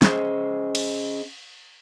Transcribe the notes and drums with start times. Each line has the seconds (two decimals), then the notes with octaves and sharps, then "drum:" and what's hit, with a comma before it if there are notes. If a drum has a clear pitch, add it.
0.02 C#4 G#4 C5 D#5, drum: snare
0.75 drum: cymbal